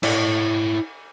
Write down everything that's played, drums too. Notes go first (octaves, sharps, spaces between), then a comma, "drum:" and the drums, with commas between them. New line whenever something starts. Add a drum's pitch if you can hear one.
E4 C#5, drum: cymbal